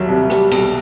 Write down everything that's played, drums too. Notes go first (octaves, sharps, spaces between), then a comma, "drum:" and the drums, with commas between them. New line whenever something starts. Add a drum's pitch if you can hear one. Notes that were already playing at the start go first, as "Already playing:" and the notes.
Already playing: D#2 F#3 G3 E5
C2
G3, drum: rim click
B1, drum: cymbal